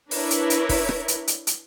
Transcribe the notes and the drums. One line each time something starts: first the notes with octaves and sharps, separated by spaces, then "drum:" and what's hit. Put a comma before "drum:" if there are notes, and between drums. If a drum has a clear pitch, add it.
D4 E4 A#4 B4 C#5, drum: open hi-hat
drum: hi-hat
drum: hi-hat
drum: kick, open hi-hat
drum: rim click
drum: hi-hat
drum: hi-hat
drum: hi-hat